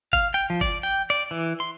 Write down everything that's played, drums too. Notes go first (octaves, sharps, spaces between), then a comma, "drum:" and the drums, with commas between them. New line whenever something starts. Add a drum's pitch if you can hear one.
F5, drum: kick G1
G5
F3
D5, drum: kick G1
G5
D5
E3
C6